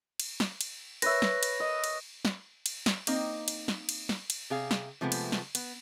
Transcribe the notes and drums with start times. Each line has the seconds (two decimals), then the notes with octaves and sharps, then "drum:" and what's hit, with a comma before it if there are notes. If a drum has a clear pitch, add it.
0.20 drum: cymbal
0.40 drum: snare
0.61 drum: cymbal
1.02 B4 C#5 E5 A#6, drum: cymbal
1.22 drum: snare
1.43 drum: cymbal
1.60 D#5
1.84 drum: cymbal
2.25 drum: snare
2.66 drum: cymbal
2.86 drum: snare
3.07 A#3 C4 D#4 D#5, drum: cymbal
3.48 drum: cymbal
3.68 drum: snare
3.89 drum: cymbal
4.09 drum: snare
4.30 drum: cymbal
4.50 C3 G#4 F5
4.71 drum: snare
5.01 C3 F3 G#3 A3 B3
5.12 drum: cymbal
5.32 drum: snare
5.55 B3, drum: cymbal